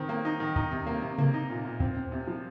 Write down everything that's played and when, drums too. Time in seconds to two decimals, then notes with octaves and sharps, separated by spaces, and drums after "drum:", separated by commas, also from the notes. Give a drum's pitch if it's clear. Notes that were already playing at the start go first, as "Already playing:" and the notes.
Already playing: D#3 C4
0.09 A#3
0.25 D#4
0.40 D#3
0.56 D#4, drum: kick
0.71 C3
0.87 A#3
1.02 C3
1.18 A#3, drum: tom C3
1.34 D#4
1.50 A#2
1.65 A#2
1.80 C4, drum: kick
1.97 C4
2.12 C3
2.27 F3